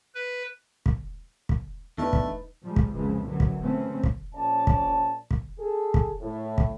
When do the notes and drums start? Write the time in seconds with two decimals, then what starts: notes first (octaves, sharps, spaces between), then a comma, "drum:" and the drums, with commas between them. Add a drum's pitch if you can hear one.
0.15 B4
0.86 drum: kick
1.49 drum: kick
1.98 E2 A3 D4 D#4 B4
2.13 drum: kick
2.63 F3 G3 G#3
2.76 drum: kick
2.92 C2 F2 C#3 E3 F3 G#3
3.26 F#2 A2 D3 E3 F#3
3.40 drum: kick
3.62 C#3 E3 A3 C4 C#4
4.03 drum: kick
4.35 A#1 C#4 D5 A5
4.67 drum: kick
5.31 drum: kick
5.59 G#4 A4
5.94 drum: kick
6.20 A2
6.58 drum: kick